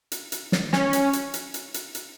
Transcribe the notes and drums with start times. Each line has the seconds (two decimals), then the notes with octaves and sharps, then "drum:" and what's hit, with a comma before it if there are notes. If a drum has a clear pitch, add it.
0.12 drum: hi-hat
0.32 drum: hi-hat
0.52 drum: snare
0.73 C#4, drum: snare
0.93 drum: hi-hat
1.13 drum: hi-hat
1.34 drum: hi-hat
1.54 drum: hi-hat
1.74 drum: hi-hat
1.95 drum: hi-hat